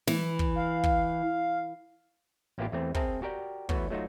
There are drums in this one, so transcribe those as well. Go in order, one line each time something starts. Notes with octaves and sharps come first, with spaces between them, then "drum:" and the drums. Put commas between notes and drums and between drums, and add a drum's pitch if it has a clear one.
E3, drum: snare
drum: kick
F5
drum: kick
A1 A#3 B3 E4 F4 G4
E2 E3 A3 C4
C4 G#4 A#4 E5 A5 A#5, drum: kick
F#4 G4 A#4 D5 G5
E3 A3 B3 E4 F#4 C#5, drum: kick
F#3 A3 D#4 F4 F#4